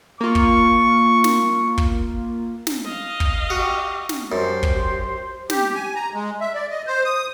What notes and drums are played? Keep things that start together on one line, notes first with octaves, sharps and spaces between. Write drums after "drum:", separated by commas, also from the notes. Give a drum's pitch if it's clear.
A#3 F4 C#6
drum: kick
drum: snare
drum: kick
drum: snare
D#5 F5
drum: kick
F#4 G4
drum: snare
F#2 G4 C5
drum: kick
G4, drum: snare
G#5
A#5
G#3
E5
D5
D#5
C5
D#6